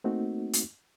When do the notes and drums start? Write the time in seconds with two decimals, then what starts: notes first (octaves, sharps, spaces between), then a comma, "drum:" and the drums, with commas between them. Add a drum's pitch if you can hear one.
0.04 A3 A#3 C4 D#4 F#4
0.53 drum: hi-hat